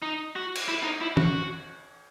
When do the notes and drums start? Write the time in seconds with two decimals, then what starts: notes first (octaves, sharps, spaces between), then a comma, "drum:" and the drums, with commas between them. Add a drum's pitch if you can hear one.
0.02 D#4
0.36 F#4
0.55 drum: cymbal
0.68 E4
0.84 D#4
1.01 E4
1.17 F#4, drum: tom